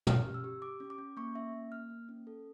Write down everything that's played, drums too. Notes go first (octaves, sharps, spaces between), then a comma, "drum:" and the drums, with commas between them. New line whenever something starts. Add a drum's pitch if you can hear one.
C#4 F6, drum: tom
G4
E6
G4
G4 D6
C#4
D6
C#4
A#3 C#6
C#4 E5
A#3
A#3 F6
A#3
C#4
A4